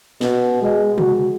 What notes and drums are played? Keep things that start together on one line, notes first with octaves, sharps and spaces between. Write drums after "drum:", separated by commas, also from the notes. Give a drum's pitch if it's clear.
B2, drum: snare
G#3
F#4, drum: tom C3